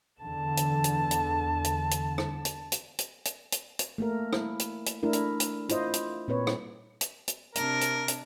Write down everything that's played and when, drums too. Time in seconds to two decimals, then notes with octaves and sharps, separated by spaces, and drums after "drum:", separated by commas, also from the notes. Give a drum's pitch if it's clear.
0.22 E2 D3 A5
0.57 drum: hi-hat
0.84 drum: hi-hat
1.11 drum: hi-hat
1.64 drum: hi-hat
1.91 drum: hi-hat
2.18 drum: rim click
2.45 drum: hi-hat
2.72 drum: hi-hat
2.99 drum: hi-hat
3.25 drum: hi-hat
3.52 drum: hi-hat
3.79 drum: hi-hat
3.98 A3 A#3 A#4
4.33 E4, drum: rim click
4.59 drum: hi-hat
4.86 drum: hi-hat
5.03 A3 D4 E4 A#4
5.13 drum: hi-hat
5.40 drum: hi-hat
5.69 E4 F4 C5 D#5, drum: hi-hat
5.94 drum: hi-hat
6.28 A#2 C4 B4 C#5
6.47 drum: rim click
7.01 drum: hi-hat
7.28 drum: hi-hat
7.55 C3 D4 A#4, drum: hi-hat
7.81 drum: hi-hat
8.08 drum: hi-hat